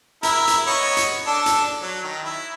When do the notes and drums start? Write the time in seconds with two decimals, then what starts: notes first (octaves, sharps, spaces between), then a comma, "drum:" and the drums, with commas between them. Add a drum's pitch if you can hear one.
0.23 E4 A#4, drum: hi-hat
0.48 drum: hi-hat
0.67 B3 C#5 D#5
0.97 drum: hi-hat
1.27 D4 A4
1.46 drum: hi-hat
1.82 F#3
2.03 D#3
2.24 E4